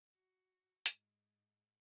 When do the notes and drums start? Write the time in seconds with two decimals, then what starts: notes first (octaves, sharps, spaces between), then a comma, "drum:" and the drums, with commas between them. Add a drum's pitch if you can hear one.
0.15 F#4
0.86 G#2, drum: hi-hat